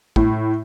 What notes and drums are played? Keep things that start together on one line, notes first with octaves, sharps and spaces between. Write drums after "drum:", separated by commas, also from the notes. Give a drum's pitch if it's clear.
A2, drum: kick